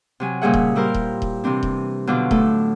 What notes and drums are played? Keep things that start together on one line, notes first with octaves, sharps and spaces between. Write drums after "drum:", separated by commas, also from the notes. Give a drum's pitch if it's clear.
C3 F#3 G#5
A#2 C#3 G3 G#4 E5 F#5
drum: kick D#1
G3 E4 G4 A#4 C5
drum: kick D#1
drum: kick D#1
C3 E3 C4 D4
drum: kick D#1
B2 D3 F#3 F4 D6 F#6
A2 A3 A4, drum: kick D#1